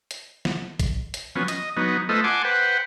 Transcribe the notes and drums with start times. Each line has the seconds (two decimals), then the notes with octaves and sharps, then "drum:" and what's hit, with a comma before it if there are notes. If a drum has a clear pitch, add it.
0.11 drum: hi-hat
0.45 drum: snare
0.80 drum: kick, hi-hat
1.14 drum: hi-hat
1.36 F3 F#3 B3 C#4
1.48 D#5, drum: hi-hat
1.77 F#3 B3 D#4
2.09 A3 F4 A4 B4 C5 D#5
2.24 F#5 G#5 A5 C6 D6
2.45 B4 C5 F#5 G5